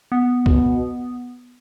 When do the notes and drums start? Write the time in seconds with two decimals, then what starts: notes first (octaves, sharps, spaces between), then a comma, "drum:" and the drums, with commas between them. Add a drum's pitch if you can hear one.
0.12 B3
0.46 B2, drum: kick